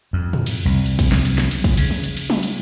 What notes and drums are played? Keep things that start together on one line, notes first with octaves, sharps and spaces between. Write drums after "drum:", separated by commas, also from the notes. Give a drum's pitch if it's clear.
F2
drum: tom
drum: cymbal
C2
drum: cymbal
drum: kick, cymbal
drum: snare
drum: cymbal
drum: snare
drum: cymbal
drum: kick, cymbal
C#3, drum: cymbal
drum: tom E3
drum: cymbal
drum: cymbal
drum: tom F#3
drum: cymbal